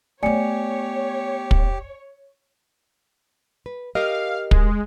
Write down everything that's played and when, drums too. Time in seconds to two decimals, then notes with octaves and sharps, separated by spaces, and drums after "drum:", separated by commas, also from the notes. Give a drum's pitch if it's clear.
0.23 A3 B3 G4 C#5 D5 G#5 C#7
1.51 drum: kick
3.66 B4
3.95 G4 A#4 D#5 F5
4.51 G#3, drum: kick